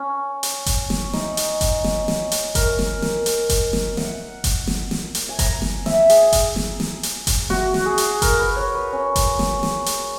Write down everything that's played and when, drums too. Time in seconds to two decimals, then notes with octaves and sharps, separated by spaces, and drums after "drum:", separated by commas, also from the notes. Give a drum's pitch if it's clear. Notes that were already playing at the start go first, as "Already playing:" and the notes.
Already playing: C#4
0.43 drum: hi-hat
0.66 drum: kick F#1, hi-hat
0.90 drum: snare
1.13 D#4, drum: snare
1.37 drum: hi-hat
1.61 drum: kick F#1, hi-hat
1.84 drum: snare
2.08 drum: snare
2.32 drum: hi-hat
2.55 A#4, drum: kick F#1, hi-hat
2.79 drum: snare
3.02 drum: snare
3.26 drum: hi-hat
3.49 drum: kick F#1, hi-hat
3.73 drum: snare
3.97 F#5, drum: snare
4.44 drum: kick F#1, hi-hat
4.67 drum: snare
4.91 drum: snare
5.15 drum: hi-hat
5.29 G#5
5.39 A#5, drum: kick F#1, hi-hat
5.62 drum: snare
5.86 E5, drum: snare
6.10 G#4, drum: hi-hat
6.33 drum: kick F#1, hi-hat
6.56 drum: snare
6.80 drum: snare
7.03 drum: hi-hat
7.27 drum: kick F#1, hi-hat
7.50 F#4, drum: snare
7.74 drum: snare
7.86 G#4
7.98 drum: hi-hat
8.22 A#4, drum: kick F#1, hi-hat
8.39 B4
8.56 C#5
8.75 B4
8.92 C#4
9.16 drum: kick F#1, hi-hat
9.39 drum: snare
9.63 drum: snare
9.86 drum: hi-hat